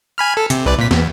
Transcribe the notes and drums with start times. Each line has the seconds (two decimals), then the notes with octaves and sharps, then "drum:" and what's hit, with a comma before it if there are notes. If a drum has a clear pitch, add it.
0.18 G#5 B5 F6
0.37 A4
0.50 C3, drum: hi-hat
0.66 C2 B4 D5
0.79 A#2 B6
0.91 E2, drum: snare